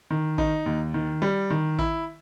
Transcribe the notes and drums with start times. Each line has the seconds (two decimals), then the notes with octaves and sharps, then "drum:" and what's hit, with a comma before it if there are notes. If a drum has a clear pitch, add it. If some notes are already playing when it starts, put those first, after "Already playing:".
0.10 D#3
0.38 D#4, drum: kick A1
0.66 D#2
0.94 D#3
1.22 G3
1.50 D#3
1.79 E4, drum: kick A1